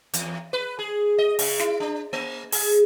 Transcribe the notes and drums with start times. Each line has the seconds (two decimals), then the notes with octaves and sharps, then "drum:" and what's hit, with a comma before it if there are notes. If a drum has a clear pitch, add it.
0.14 E2, drum: hi-hat
0.53 B4
0.79 G#4
1.18 D#5
1.39 C#3, drum: open hi-hat
1.59 E4, drum: snare
1.80 D4
2.13 A#3
2.52 G#4, drum: open hi-hat